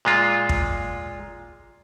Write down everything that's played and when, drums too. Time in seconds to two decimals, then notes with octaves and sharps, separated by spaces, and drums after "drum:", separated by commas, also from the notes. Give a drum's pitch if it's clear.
0.05 A#2 G#3 F4
0.49 drum: kick